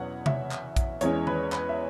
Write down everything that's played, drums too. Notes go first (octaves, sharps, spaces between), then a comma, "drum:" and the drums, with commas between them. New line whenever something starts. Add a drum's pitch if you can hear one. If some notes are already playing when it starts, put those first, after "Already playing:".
Already playing: E2 B2 F#3 C#4 B4 C#5 F#5
E5, drum: tom C3
drum: clap
drum: kick A#1, hi-hat
E2 E3 G#3 C#4 C#5, drum: hi-hat
B4, drum: tom D#3
B4, drum: clap
E5